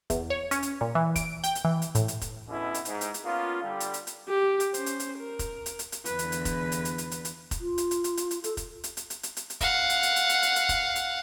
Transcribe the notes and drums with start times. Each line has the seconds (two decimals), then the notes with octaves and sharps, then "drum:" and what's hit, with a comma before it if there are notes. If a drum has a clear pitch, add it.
0.10 E2, drum: kick F1, hi-hat
0.30 C#5
0.51 C#4, drum: hi-hat
0.63 drum: hi-hat
0.81 A#2
0.95 E3
1.16 D7, drum: kick F1, hi-hat
1.44 G5, drum: hi-hat
1.55 drum: hi-hat
1.65 E3
1.82 drum: hi-hat
1.95 A2, drum: hi-hat
2.08 drum: hi-hat
2.21 drum: kick F1, hi-hat
2.47 B2 D3 G#3 B3 C#4 E4
2.74 drum: hi-hat
2.85 G#2, drum: hi-hat
3.01 drum: hi-hat
3.14 drum: hi-hat
3.24 A#3 B3 C#4 F4
3.62 D3 G3
3.80 drum: hi-hat
3.94 drum: hi-hat
4.07 drum: hi-hat
4.28 G4
4.60 drum: hi-hat
4.74 C#4 C5, drum: hi-hat
4.86 drum: hi-hat
5.00 drum: hi-hat
5.18 A#4
5.39 drum: kick F1, hi-hat
5.66 drum: hi-hat
5.79 drum: hi-hat
5.92 drum: hi-hat
6.05 E2 D3 B4, drum: hi-hat
6.19 drum: hi-hat
6.32 drum: hi-hat
6.45 drum: kick F1, hi-hat
6.72 drum: hi-hat
6.85 drum: hi-hat
6.98 drum: hi-hat
7.11 drum: hi-hat
7.25 drum: hi-hat
7.51 drum: kick F1, hi-hat
7.60 F4
7.78 drum: hi-hat
7.91 drum: hi-hat
8.04 drum: hi-hat
8.17 drum: hi-hat
8.31 drum: hi-hat
8.44 A4, drum: hi-hat
8.57 drum: kick F1, hi-hat
8.84 drum: hi-hat
8.97 drum: hi-hat
9.10 drum: hi-hat
9.23 drum: hi-hat
9.37 drum: hi-hat
9.50 drum: hi-hat
9.61 F5 F#5, drum: kick F1, hi-hat
9.90 drum: hi-hat
10.03 drum: hi-hat
10.16 drum: hi-hat
10.29 drum: hi-hat
10.42 drum: hi-hat
10.56 drum: hi-hat
10.69 drum: kick F1, hi-hat
10.95 drum: hi-hat